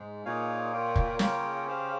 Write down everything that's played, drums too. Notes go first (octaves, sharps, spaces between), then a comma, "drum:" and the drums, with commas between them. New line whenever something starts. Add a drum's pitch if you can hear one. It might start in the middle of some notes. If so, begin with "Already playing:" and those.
Already playing: G#2
A#2 D#4 G#4 C#5 F5 G#5
A#3 F4 A#4 C#5 G5
drum: kick
C#3 A#3 F4 A#4 C#5 G5, drum: snare
C#4 G4 C5 F5